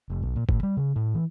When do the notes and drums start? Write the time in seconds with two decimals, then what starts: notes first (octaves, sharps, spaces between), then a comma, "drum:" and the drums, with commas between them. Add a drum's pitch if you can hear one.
0.10 F1
0.22 B1
0.36 A#2
0.49 A2, drum: kick F#1
0.63 G3
0.77 C#3
0.96 A2
1.14 E3